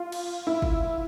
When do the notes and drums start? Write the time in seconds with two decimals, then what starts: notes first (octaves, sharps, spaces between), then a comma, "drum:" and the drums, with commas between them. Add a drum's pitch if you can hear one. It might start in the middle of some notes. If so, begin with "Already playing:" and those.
Already playing: F4
0.12 drum: cymbal
0.47 E4
0.62 drum: kick